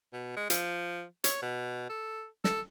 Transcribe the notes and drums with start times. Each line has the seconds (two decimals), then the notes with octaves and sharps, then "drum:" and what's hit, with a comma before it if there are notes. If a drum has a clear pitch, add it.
0.13 B2
0.36 G#3
0.50 F3, drum: hi-hat
1.24 C#5, drum: hi-hat
1.42 B2
1.89 A4
2.44 A4, drum: snare